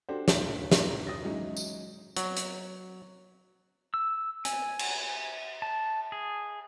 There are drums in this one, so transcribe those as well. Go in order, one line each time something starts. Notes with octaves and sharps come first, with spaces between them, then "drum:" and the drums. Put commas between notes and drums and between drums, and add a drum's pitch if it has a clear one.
D4 F#4 G4 A4 C5
D2, drum: snare
drum: snare
D#6 A6 A#6
E3 F#3 G#3 C#4 D#4 E4
drum: tambourine
F#3, drum: hi-hat
drum: hi-hat
E6
G#5, drum: hi-hat
drum: cymbal
A5
G#4